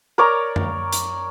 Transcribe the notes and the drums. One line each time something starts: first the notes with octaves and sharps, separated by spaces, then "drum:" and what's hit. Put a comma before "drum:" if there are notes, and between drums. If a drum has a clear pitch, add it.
A#4 C#5 D5 A#5
drum: tom F#2
drum: hi-hat